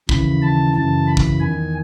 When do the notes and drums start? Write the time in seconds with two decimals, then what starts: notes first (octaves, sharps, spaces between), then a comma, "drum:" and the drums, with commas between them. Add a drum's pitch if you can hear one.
0.09 D#2 C#3 E3 B5, drum: kick
0.42 A5
0.75 F#2 C#3 E3 A5
1.07 B5
1.17 drum: kick
1.40 E2 D#3 G#5